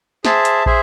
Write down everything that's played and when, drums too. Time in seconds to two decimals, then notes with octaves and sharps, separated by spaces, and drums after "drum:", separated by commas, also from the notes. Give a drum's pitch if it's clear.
0.25 G#4 C5 E5 A5, drum: snare
0.45 drum: hi-hat
0.66 G#4 C5 E5, drum: kick